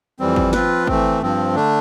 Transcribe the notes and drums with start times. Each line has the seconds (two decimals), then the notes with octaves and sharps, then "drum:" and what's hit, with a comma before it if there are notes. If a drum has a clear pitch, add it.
0.20 F2 E3 G3 C4
0.36 drum: kick G#1
0.53 F3 C4 F4 B4, drum: snare
0.87 E3 A3 C4, drum: kick G#1
1.22 G2 F3 C4
1.55 D3 A3 D4